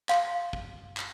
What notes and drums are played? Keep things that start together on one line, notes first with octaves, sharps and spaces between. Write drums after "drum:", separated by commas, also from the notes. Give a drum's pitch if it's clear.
F5 C6, drum: clap
drum: kick
drum: clap